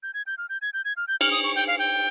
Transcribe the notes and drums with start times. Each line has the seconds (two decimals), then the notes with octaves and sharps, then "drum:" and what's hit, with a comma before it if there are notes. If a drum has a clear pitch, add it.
0.03 G6
0.14 G#6
0.27 G6
0.38 F6
0.49 G6
0.62 G#6
0.73 G6
0.85 G#6
0.97 F6
1.08 G6
1.21 F6, drum: cymbal
1.31 D#6
1.44 C#6
1.56 G5
1.67 F5
1.79 G5